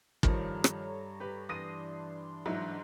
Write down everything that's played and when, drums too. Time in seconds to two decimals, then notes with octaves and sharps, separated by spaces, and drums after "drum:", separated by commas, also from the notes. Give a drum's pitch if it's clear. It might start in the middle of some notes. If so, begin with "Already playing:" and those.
0.23 G2 D#3 F3 A4 C#5 A#5, drum: kick
0.64 drum: rim click
1.20 G4 B4
1.49 E3 D4 C6 D#6 A#6 D#7
2.46 G#2 F#3 D#4 E4